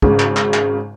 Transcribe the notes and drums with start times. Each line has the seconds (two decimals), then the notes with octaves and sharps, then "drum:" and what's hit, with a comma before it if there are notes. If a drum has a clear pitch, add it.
0.02 G#1 C#3, drum: kick
0.19 drum: clap
0.37 drum: clap
0.54 drum: clap